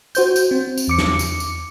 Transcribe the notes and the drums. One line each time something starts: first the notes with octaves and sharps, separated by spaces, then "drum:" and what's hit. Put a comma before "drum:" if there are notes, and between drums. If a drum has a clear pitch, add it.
F#4 C5 G6, drum: tambourine
drum: tambourine
C4
drum: tambourine
E2 D6 C#7
drum: snare
drum: tambourine
drum: tambourine